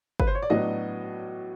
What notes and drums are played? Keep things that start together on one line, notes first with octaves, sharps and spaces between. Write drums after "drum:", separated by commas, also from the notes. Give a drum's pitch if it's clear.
B4, drum: kick G1
C5
C#5
D5
A2 F#3 B3 D4 D#5